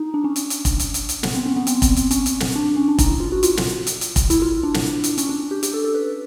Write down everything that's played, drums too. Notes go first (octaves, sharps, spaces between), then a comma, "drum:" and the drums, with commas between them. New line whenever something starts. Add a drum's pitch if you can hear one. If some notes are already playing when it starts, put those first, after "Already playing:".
Already playing: D#4
D4
C#4
drum: hi-hat
drum: hi-hat
drum: kick, hi-hat
drum: hi-hat
drum: hi-hat
drum: hi-hat
B3, drum: snare
C4
C#4
B3
C4, drum: hi-hat
drum: kick, hi-hat
drum: hi-hat
C#4, drum: hi-hat
drum: hi-hat
drum: snare
D4
C#4
D4
D#4, drum: kick, hi-hat
E4
F4
F#4
F4, drum: hi-hat
drum: snare
drum: hi-hat
drum: hi-hat
drum: kick, hi-hat
E4, drum: hi-hat
F4
D4
drum: snare
drum: hi-hat
C#4, drum: hi-hat
D4
G4
G4, drum: hi-hat
A4
A4
B4